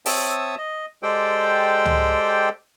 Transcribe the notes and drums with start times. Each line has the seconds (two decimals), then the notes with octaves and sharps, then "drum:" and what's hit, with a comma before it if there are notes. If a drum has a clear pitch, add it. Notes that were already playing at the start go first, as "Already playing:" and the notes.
0.06 C4 C#5 E5 A5 D#6 E6, drum: open hi-hat
0.58 D#5
1.03 G#3 G4 A4 C5 D5 G5
1.85 drum: tom